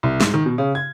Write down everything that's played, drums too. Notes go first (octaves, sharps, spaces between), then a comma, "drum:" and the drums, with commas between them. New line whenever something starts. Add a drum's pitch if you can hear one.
C2
G#2, drum: snare
D#3
B2
C#3
G#6